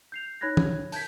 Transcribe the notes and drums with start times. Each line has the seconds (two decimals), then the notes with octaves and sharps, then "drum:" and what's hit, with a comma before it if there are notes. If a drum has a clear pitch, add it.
0.12 G6 C7 F7
0.41 D#4 C#5 B5 F#6 G#6 A#6
0.57 drum: tom
0.92 A5 G6 G#6 B6, drum: open hi-hat